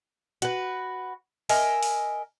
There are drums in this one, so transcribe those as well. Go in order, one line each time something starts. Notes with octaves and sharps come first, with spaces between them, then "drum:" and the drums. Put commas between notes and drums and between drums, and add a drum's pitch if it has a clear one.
F#4 B4, drum: hi-hat
A#4 D#5 E5 G#5, drum: open hi-hat
drum: open hi-hat